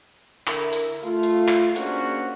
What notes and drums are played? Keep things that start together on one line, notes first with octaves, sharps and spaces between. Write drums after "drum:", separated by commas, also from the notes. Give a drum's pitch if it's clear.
D3 E4 A#4, drum: clap
drum: hi-hat
A3 F4
drum: hi-hat
drum: clap
A#3 C#4 D4 F#4 G#4 C5, drum: hi-hat